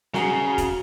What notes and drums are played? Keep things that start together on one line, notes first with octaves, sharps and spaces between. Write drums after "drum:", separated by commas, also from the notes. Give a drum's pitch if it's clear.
C#3 F#4 A#5 D#6, drum: snare
drum: kick F1, hi-hat